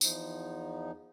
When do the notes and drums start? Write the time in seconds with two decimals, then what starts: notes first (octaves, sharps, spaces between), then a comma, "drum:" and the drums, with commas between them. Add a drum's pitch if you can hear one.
0.01 E2 F3 D#4, drum: tambourine